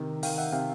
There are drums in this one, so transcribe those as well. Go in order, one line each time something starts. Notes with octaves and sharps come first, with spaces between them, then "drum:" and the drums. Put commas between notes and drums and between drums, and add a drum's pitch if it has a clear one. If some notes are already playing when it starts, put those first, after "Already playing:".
Already playing: C3 D#3
D#3 F5 G5, drum: open hi-hat
E5 F#5
C3 F5 G5